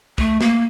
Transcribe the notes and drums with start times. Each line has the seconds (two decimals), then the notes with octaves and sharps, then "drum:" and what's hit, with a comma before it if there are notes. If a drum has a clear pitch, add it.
0.18 A3, drum: kick
0.41 A#3, drum: snare